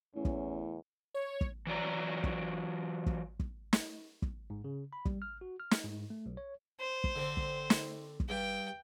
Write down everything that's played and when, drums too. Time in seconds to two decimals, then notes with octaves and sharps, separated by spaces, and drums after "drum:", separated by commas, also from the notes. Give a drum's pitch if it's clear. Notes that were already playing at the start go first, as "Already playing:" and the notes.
0.15 E2 A2 C#4
0.25 drum: kick
1.14 C#5
1.41 drum: kick
1.67 E3 F#3 D5 A#5
2.24 drum: kick
3.06 drum: kick
3.40 drum: kick
3.73 drum: snare
4.22 drum: kick
4.50 G#2
4.64 C#3
4.93 B5
5.05 G3, drum: kick
5.22 F6
5.41 F#4
5.60 F6
5.71 drum: snare
5.84 G#2
6.10 A3
6.26 B1
6.37 C#5
6.80 C5
7.04 drum: kick
7.16 D3 C4
7.37 drum: kick
7.70 drum: snare
8.20 drum: kick
8.29 G2 G5